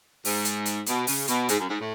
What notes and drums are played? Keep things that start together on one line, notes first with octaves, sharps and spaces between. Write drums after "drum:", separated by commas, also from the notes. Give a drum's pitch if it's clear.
G#2, drum: open hi-hat
drum: hi-hat
drum: hi-hat
B2, drum: hi-hat
C#3, drum: open hi-hat
B2, drum: hi-hat
G#2, drum: hi-hat
F#2
G#2
A2